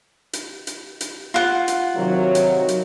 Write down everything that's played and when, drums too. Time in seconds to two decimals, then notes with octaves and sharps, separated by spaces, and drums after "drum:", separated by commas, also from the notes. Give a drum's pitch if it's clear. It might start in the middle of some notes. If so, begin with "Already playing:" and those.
0.33 drum: hi-hat
0.67 drum: hi-hat
1.01 drum: hi-hat
1.34 F4 F#5
1.68 drum: hi-hat
1.96 C3 D#3 F#3
2.35 drum: hi-hat
2.68 drum: hi-hat